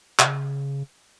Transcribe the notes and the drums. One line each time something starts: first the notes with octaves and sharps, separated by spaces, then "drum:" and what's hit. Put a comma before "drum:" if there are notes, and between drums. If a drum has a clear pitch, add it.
C3, drum: clap
C#3